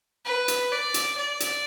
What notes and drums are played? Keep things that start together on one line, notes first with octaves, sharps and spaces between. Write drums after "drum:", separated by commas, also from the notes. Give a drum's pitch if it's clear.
B4
drum: hi-hat
D5
drum: hi-hat
D5
drum: hi-hat